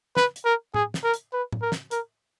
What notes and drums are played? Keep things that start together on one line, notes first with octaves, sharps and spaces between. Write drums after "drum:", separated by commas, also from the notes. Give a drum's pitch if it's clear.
B4, drum: snare
drum: hi-hat
A#4
G#4, drum: tom A2
drum: snare
A#4
drum: hi-hat
B4
drum: tom A2
A#4
drum: snare
A#4, drum: hi-hat